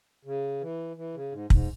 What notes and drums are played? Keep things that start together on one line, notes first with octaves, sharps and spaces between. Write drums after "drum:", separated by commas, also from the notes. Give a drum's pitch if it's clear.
C#3
E3
E3
C#3
G#2
G#2, drum: kick